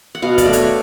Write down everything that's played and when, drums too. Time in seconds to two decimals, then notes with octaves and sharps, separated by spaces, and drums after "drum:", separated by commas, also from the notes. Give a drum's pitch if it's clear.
0.15 F#5
0.22 B2 F5
0.38 D5, drum: kick, hi-hat
0.45 A3 D4
0.53 C#5, drum: hi-hat